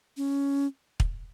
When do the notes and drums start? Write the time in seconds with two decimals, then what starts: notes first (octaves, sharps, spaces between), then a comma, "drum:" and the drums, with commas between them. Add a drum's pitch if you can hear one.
0.17 C#4
1.00 drum: kick